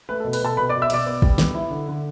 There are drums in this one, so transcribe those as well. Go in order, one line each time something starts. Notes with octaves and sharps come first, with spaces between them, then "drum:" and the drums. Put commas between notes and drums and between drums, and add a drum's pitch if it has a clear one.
A3 B4
A4
B2
B4, drum: open hi-hat
B2 A4 A5
B2 B4 B5
D5 D6
B2
E5 E6
B2 D5 D6, drum: cymbal
B3
G3, drum: kick
B3, drum: snare
E4
D3
D3